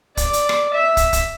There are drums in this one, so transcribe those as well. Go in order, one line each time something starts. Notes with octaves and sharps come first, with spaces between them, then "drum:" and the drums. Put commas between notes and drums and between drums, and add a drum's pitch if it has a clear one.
D5, drum: kick, hi-hat
drum: hi-hat
drum: rim click
E5
drum: kick, hi-hat
drum: kick, hi-hat